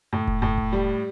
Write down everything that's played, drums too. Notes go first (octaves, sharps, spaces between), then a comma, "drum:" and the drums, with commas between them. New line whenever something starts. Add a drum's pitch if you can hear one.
A2
drum: kick E1
A2
drum: kick E1
G3